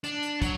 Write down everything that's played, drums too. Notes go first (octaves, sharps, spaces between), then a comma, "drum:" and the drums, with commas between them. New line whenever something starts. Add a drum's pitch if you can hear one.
D4, drum: hi-hat
drum: hi-hat
F#3, drum: kick, hi-hat